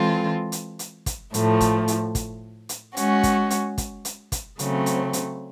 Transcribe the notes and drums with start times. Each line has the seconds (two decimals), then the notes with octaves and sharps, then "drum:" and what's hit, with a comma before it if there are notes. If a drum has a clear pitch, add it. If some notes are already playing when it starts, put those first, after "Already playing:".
Already playing: E3 G#3 C4 F4 A4
0.52 drum: hi-hat
0.79 drum: hi-hat
1.06 drum: kick, hi-hat
1.34 A2 F3 A3, drum: hi-hat
1.61 drum: kick, hi-hat
1.88 drum: hi-hat
2.15 drum: kick, hi-hat
2.69 drum: hi-hat
2.97 G#3 C#4 F#4, drum: hi-hat
3.23 drum: kick, hi-hat
3.50 drum: hi-hat
3.78 drum: kick, hi-hat
4.05 drum: hi-hat
4.32 drum: kick, hi-hat
4.59 C#3 F#3 A3 C4, drum: hi-hat
4.86 drum: hi-hat
5.13 drum: hi-hat